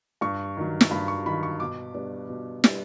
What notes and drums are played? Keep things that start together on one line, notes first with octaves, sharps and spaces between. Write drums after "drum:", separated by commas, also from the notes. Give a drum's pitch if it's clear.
G2 C#6
D#3 F#3
drum: snare
G2 B5
C#6
D#3 F#3 B5
C#6
B2 D6
G3 B3 D4
B2
G3 B3 D4, drum: snare